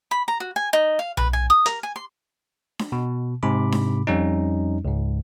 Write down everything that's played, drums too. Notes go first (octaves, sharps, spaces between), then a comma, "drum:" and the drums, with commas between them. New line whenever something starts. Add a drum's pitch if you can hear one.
B5
A#5
F#4
G#5
D#4
F5
B4, drum: tom B1
G#5
D#6
A#4, drum: hi-hat
G#5
C6
drum: snare D4
B2
G#2 C3 B5 D6
drum: snare D4
F2 G3 C#4 D#4
C#2 G#2